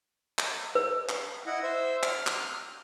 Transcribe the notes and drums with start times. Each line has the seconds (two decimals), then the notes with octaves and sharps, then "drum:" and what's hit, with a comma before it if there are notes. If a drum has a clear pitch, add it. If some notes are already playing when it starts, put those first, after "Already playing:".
0.39 drum: clap
0.75 B4
1.09 drum: clap
1.46 E4 D#5 F#5
1.63 C5 E5
2.03 F6, drum: clap
2.27 drum: clap